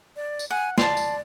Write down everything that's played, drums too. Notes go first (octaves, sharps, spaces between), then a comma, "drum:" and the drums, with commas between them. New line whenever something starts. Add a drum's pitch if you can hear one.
D5
drum: tambourine
F#5 G#5
D5 A5 C6, drum: snare
drum: tambourine